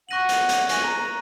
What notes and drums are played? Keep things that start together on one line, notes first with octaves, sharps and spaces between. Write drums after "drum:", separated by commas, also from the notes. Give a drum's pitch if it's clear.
F#5 C#6 F#6 A#6 D#7 F#7
drum: hi-hat
drum: hi-hat
G#5 C#6 F#6 A#6 D#7 F#7, drum: hi-hat
A#5
A#5